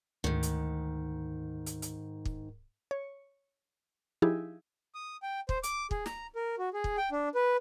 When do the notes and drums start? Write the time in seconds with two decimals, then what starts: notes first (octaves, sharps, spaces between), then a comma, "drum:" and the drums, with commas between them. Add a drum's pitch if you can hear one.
0.24 D2 G#2 D#3
0.43 drum: hi-hat
1.66 drum: hi-hat
1.82 drum: hi-hat
2.25 drum: kick
2.91 C#5
4.22 F3 D#4 E4 G4 G#4
4.95 D#6
5.23 G5
5.49 C5, drum: kick
5.63 D6, drum: hi-hat
5.91 G#4, drum: kick
6.06 A#5, drum: snare
6.35 A#4
6.58 F#4
6.74 G#4
6.84 drum: kick
6.97 G5
7.12 D4
7.35 B4